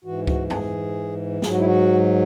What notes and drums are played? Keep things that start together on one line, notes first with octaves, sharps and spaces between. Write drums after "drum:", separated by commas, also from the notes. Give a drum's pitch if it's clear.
G#2 E3 F#4
F#4, drum: kick C#2
G#4, drum: tom
G#2 F#3 G#4, drum: snare
F#4
E4
F#4